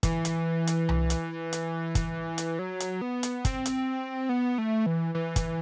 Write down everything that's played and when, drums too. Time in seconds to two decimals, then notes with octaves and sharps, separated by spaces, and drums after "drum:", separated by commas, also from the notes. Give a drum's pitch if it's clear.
0.03 E3, drum: kick, hi-hat
0.25 drum: hi-hat
0.67 drum: hi-hat
0.89 drum: tom C2
1.10 drum: hi-hat
1.53 drum: hi-hat
1.95 drum: kick, hi-hat
2.38 drum: hi-hat
2.59 F#3
2.80 drum: hi-hat
3.01 B3
3.23 drum: hi-hat
3.45 C4, drum: kick, hi-hat
3.66 drum: hi-hat
4.29 B3
4.58 A3
4.86 E3
5.15 E3
5.36 drum: kick, hi-hat